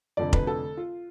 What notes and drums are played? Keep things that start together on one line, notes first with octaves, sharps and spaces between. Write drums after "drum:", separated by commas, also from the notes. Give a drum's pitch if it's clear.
F1 F2 D3 D5
B4, drum: kick
A4
F4